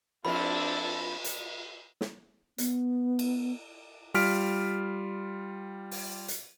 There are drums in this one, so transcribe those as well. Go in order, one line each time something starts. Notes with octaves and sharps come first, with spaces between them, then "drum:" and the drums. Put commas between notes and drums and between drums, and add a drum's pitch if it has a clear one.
F3 C4 D4 E4 F4 A4 B5, drum: cymbal
drum: hi-hat
drum: snare
B3, drum: hi-hat
drum: cymbal
G3 F4 F6 B6 D7, drum: open hi-hat
drum: open hi-hat
drum: hi-hat